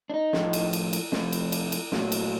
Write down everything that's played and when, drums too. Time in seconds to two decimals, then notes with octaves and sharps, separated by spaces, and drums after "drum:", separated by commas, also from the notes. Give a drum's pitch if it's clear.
0.10 D4
0.14 D#4
0.33 A2 F3 A3, drum: snare
0.53 drum: cymbal
0.73 drum: cymbal
0.93 drum: cymbal
1.12 C3 F3 A3, drum: snare
1.32 drum: cymbal
1.52 drum: cymbal
1.72 drum: cymbal
1.92 A#2 F#3 A3, drum: snare
2.12 drum: cymbal